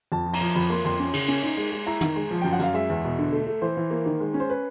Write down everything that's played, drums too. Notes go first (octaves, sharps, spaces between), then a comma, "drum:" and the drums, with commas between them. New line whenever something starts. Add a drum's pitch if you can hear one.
F2 A5
F3
A#5, drum: cymbal
F3
F2 B5
A#3 C6
F2 C6
C#4
C#3, drum: cymbal
C#4
D#4
G#3
G#3
E4 A#5
D#3, drum: tom
G#3
F3
F#2 G5
F#5
F#2 F5, drum: hi-hat
G#3 E5
E2
B2
D3
A3
A3
E3 C5
E3
A#3
D#3
G#3
C#4
C5
B4